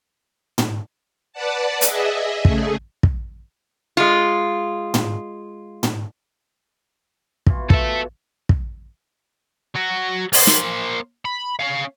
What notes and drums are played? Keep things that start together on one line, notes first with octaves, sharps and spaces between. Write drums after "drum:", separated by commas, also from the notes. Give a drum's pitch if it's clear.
drum: tom
B4 D5 F#5 A5
G#4 D#5 E5, drum: hi-hat
C#3 A3 G#4, drum: kick
drum: kick
G#3 F4
drum: tom
drum: tom
B2 E3 F4, drum: kick
A4 E5, drum: kick
drum: kick
F#3 F#4
A#3 C5, drum: open hi-hat
drum: snare
B5
C#4 F5